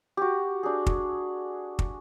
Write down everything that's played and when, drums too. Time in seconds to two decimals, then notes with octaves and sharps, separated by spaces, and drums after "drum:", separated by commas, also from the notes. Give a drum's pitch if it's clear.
0.17 F#4 G4
0.63 D4 G#4
0.86 drum: kick
1.79 drum: kick